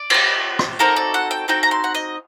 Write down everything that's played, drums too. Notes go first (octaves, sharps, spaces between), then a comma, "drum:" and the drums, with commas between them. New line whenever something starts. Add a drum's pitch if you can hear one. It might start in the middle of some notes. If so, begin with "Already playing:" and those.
Already playing: D5
C4 G4, drum: cymbal
drum: rim click
C4 D#4 F#4 A4 A#4
D5
F#5
G5
C4 D#4 F#4 A4 G5
A#5
C6
F#5
D#5